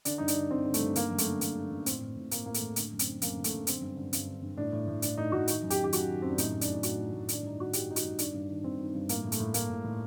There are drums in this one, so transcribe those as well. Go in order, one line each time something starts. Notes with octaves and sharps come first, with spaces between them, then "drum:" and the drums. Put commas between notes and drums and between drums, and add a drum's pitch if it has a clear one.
D3 D4, drum: hi-hat
G2 D#4
D4, drum: hi-hat
D3
G2 C4
D3
A3, drum: hi-hat
G2
D3 A#3, drum: hi-hat
F#2
A3, drum: hi-hat
D3
F#2 A#3, drum: hi-hat
D3
F#2
A2 C4, drum: hi-hat
A2
A2
A2 A#3, drum: hi-hat
A2 A#3
A3, drum: hi-hat
A2
D3 A3, drum: hi-hat
F#2
C4, drum: hi-hat
D3
F#2 A#3, drum: hi-hat
D3
A3, drum: hi-hat
F#2
D3 C4, drum: hi-hat
G2
D3
G2, drum: hi-hat
D3
G2
A2 D4
A2
A2
A2 D4, drum: hi-hat
A2 D#4
A2 F#4
D#3 D#4, drum: hi-hat
F#2
G4, drum: hi-hat
D#3
G4
F#2 F#4, drum: hi-hat
D#3
F#2 C4
D4
A2 D#4, drum: hi-hat
A2
D4, drum: hi-hat
A2
A2 F#4, drum: hi-hat
A2
A2
D#3 D4, drum: hi-hat
G2 D#4
D#3 F#4
G2 G4, drum: hi-hat
D#3 D#4
F#4, drum: hi-hat
G2
D#3 D4, drum: hi-hat
G2
D#3
G2 C4
D#3
G2
A2 A#3, drum: hi-hat
A2
A3, drum: hi-hat
A2
A2 A#3, drum: hi-hat
A2
A2